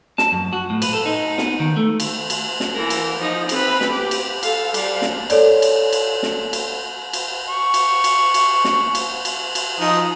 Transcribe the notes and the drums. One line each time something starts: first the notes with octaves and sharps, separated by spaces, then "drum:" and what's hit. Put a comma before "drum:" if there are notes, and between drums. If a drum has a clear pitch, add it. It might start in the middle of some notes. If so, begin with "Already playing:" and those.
A5, drum: snare
F#2
F#4
A2
B4, drum: cymbal
A4
D#4
B3, drum: snare
D#3
A3
drum: cymbal
drum: cymbal
drum: snare
E3 A#4
drum: cymbal
F3 D#4
C4 B4, drum: cymbal
drum: snare
G4
drum: cymbal
A4 F5, drum: cymbal
G3 F5, drum: cymbal
drum: snare
A4 C#5 D5, drum: cymbal
drum: cymbal
drum: cymbal
drum: snare
drum: cymbal
drum: cymbal
C#6
drum: cymbal
drum: cymbal
drum: cymbal
drum: snare
drum: cymbal
drum: cymbal
drum: cymbal
F3 D#4 D#6